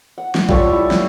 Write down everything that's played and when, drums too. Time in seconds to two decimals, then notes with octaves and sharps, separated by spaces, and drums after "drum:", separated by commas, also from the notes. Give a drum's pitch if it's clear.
0.18 F#5
0.35 drum: snare
0.49 G3 F4 A4 C#5, drum: kick A#1
0.69 E4 A5
0.91 drum: snare